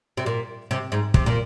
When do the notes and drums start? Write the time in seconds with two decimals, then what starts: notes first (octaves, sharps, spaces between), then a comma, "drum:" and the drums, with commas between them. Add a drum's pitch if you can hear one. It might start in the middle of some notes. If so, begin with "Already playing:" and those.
0.17 C3
0.26 A#2
0.71 C3
0.92 G#2
1.14 C3, drum: kick
1.26 A#2